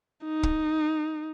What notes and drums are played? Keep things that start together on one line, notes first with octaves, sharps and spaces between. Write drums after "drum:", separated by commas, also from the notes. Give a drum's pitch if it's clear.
D#4
drum: kick